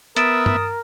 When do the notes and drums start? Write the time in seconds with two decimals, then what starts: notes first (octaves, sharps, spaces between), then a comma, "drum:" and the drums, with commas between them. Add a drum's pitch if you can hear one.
0.16 B3 A#4 E5 D#6 A6 D7 E7, drum: hi-hat
0.46 drum: tom G2